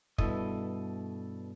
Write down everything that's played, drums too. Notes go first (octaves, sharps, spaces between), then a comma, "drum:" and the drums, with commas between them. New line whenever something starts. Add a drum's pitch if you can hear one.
G2 B2 E4 A4 D#5, drum: kick